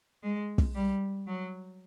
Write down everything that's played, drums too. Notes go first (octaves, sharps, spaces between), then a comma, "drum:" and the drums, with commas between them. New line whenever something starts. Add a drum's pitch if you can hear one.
G#3
drum: kick
G3
F#3